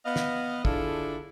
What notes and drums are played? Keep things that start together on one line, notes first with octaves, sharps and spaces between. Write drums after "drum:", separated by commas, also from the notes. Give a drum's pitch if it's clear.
B3 D#5 F5
drum: snare
D3 D4 E4 F4 G#4 A4, drum: kick